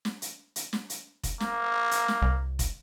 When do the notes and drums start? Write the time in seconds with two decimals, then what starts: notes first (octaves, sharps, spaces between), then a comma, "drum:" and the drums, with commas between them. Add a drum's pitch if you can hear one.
0.05 drum: snare
0.22 drum: hi-hat
0.56 drum: hi-hat
0.73 drum: snare
0.90 drum: hi-hat
1.23 drum: kick F1, hi-hat
1.40 A#3, drum: snare
1.91 drum: hi-hat
2.08 drum: snare
2.22 C2
2.59 drum: kick F1, hi-hat